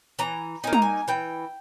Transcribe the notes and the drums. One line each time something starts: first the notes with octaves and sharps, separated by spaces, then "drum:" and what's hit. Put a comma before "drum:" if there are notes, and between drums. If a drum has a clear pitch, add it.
E3 A#5
A#3 D#4 G#5
A#5, drum: tom
G#5
E3 G5